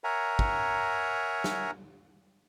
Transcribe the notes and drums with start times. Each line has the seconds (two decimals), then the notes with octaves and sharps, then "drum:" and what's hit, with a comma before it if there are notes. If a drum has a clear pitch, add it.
0.04 A#4 C#5 E5 F#5 G#5 A#5
0.39 drum: kick
1.44 drum: snare